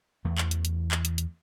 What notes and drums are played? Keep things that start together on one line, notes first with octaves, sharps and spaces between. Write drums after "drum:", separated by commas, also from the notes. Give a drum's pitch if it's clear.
E2 E3 A3
drum: clap
drum: hi-hat
drum: hi-hat
drum: clap
drum: hi-hat
drum: hi-hat